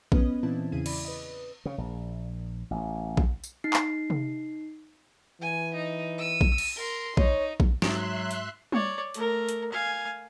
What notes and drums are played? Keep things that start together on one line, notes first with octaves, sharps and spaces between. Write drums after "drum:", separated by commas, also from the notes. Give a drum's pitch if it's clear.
B3 C#4 B4 D#5, drum: kick A#1
A#2 E3 C4 E4 A5
E2 C#3 E4 G#4 D#7
D5 B5, drum: cymbal
B4 D#5
C#3
A#1
A1
drum: kick A#1
drum: tambourine
D#4 C7
drum: clap
drum: tom C3
E3 G#5
D#4
E6 D#7
drum: kick A#1
drum: cymbal
A#4 C6
D#4 C#5, drum: kick A#1
drum: kick A#1
G#2 F#3 D#4 F#4 E5 C6 F#6, drum: snare
drum: hi-hat
C#5 D5, drum: tom G3
A3 A#4, drum: hi-hat
drum: hi-hat
F5 G#5